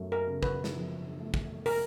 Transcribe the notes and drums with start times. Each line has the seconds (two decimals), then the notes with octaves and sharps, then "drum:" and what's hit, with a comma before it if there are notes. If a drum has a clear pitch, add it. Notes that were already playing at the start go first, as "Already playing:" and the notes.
Already playing: F#2 A3
0.12 A#4
0.27 C#3
0.43 B4, drum: kick
0.64 drum: snare
0.74 F3
1.20 A3
1.34 drum: kick
1.66 A#4, drum: open hi-hat